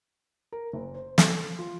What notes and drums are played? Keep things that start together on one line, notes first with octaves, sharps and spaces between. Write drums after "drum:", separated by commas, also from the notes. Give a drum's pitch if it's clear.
A#4
F#1
C5
A4, drum: snare
F4